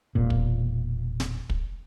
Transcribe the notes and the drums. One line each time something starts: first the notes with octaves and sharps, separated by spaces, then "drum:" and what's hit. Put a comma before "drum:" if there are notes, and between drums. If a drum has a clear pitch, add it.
E1 A#2
drum: kick
drum: snare
drum: kick